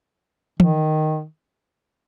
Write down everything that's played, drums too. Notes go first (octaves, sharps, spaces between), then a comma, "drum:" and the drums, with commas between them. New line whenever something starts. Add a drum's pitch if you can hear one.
D#3, drum: tom E3